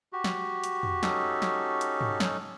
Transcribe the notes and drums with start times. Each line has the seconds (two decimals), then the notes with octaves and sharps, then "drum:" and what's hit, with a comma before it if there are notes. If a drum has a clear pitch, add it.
0.13 F#4 G4
0.24 drum: snare
0.64 drum: hi-hat
0.83 drum: tom
1.03 C#4 D#4 A4, drum: snare
1.42 drum: snare
1.81 drum: hi-hat
2.01 drum: tom
2.20 drum: snare